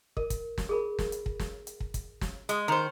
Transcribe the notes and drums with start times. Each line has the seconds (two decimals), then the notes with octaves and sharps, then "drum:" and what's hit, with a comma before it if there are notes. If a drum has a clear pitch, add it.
0.17 A#4, drum: kick
0.30 drum: kick, hi-hat
0.58 drum: snare
0.69 G#4 A#4 B5
0.99 drum: snare
1.12 drum: hi-hat
1.26 drum: kick
1.39 drum: snare
1.67 drum: hi-hat
1.80 drum: kick
1.94 drum: kick, hi-hat
2.21 drum: snare
2.49 G#3, drum: hi-hat
2.68 D#3 C5